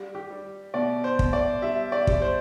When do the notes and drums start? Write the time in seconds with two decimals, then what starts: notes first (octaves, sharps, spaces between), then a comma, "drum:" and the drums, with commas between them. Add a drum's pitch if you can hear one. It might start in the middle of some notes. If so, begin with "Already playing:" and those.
Already playing: G3
0.15 G4
0.30 G3
0.74 B2 D5
1.04 C5
1.19 B2, drum: kick
1.33 D5
1.62 G3 E5
1.92 D5
2.07 G3, drum: kick
2.22 C5